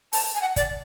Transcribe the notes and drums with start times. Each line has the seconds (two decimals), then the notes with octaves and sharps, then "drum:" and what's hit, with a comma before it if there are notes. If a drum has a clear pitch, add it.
0.13 A5, drum: open hi-hat
0.35 G#5
0.42 F#5
0.56 D5, drum: kick, hi-hat